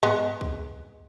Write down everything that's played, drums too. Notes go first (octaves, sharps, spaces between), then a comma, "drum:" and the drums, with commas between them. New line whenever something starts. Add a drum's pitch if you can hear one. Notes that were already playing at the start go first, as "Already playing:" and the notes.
G#3 B3, drum: tom G2
drum: kick C#2